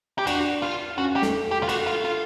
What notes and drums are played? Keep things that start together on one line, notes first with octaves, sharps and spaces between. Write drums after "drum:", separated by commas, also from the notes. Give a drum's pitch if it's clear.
G4
D4 F#4, drum: cymbal
F4
C#4 F#4
G4
A3, drum: snare
A3
G4
F4
A3 F#4, drum: cymbal
F4
F4